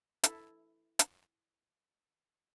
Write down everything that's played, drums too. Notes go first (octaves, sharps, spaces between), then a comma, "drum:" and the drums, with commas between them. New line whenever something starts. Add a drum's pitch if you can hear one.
E4 A4, drum: hi-hat
drum: hi-hat